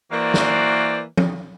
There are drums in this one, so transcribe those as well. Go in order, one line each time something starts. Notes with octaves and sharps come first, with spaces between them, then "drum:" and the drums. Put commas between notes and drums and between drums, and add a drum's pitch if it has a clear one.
E3 A#3 F#4 C5 D5
drum: snare
drum: tom F3